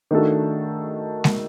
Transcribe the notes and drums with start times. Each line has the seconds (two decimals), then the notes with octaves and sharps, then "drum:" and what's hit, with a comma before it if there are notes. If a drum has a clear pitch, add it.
0.11 D#3 A3 D4 F#4 A4
1.24 drum: snare G#3